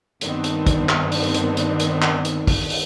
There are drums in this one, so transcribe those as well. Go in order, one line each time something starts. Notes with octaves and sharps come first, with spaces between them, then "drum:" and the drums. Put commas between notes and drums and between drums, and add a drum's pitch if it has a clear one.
G2 D#3 B3 C4 D4, drum: hi-hat
drum: hi-hat
drum: kick, hi-hat
drum: clap
drum: open hi-hat
drum: hi-hat
drum: hi-hat
drum: hi-hat
drum: clap
drum: hi-hat
drum: kick, open hi-hat
drum: open hi-hat